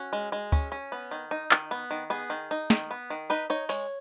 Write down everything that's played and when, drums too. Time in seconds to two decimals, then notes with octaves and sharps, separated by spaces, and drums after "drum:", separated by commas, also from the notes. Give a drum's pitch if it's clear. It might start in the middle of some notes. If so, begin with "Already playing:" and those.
Already playing: C#4 F#4
0.13 G#3
0.32 G#3
0.52 C#4, drum: kick
0.72 C#4
0.92 B3
1.11 D#3
1.31 D#4
1.51 D#3, drum: clap
1.71 B3
1.91 D#3
2.10 B3 G#4
2.30 D#3
2.51 D#4
2.70 D#3, drum: snare
2.91 B3
3.10 D#3
3.30 D#4 B4
3.50 D#4 C#5
3.69 G#3 C#5, drum: open hi-hat